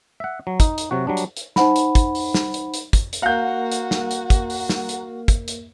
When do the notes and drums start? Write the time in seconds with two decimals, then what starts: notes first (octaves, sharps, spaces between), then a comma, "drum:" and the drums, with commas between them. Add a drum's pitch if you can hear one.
0.20 E5 F#5
0.47 F#3
0.60 D#4, drum: kick, hi-hat
0.78 drum: hi-hat
0.91 C3 F#3 F#4
1.07 F#3 G3 D4
1.17 drum: hi-hat
1.37 drum: hi-hat
1.56 D#4 C5 F#5 B5, drum: snare
1.76 drum: hi-hat
1.95 drum: kick, hi-hat
2.15 drum: open hi-hat
2.34 drum: snare
2.54 drum: hi-hat
2.74 drum: hi-hat
2.93 drum: kick, hi-hat
3.13 drum: hi-hat
3.22 A#3 F#4 A#4 F5 F#5 A#5 G6
3.72 drum: hi-hat
3.91 drum: snare
4.11 drum: hi-hat
4.30 drum: kick, hi-hat
4.50 drum: open hi-hat
4.69 drum: snare
4.89 drum: hi-hat
5.28 drum: kick, hi-hat
5.48 drum: hi-hat